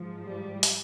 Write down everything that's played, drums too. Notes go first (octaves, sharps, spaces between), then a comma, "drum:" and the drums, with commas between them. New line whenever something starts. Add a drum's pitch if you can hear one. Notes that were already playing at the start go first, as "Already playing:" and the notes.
Already playing: G#2 F3
G3
drum: hi-hat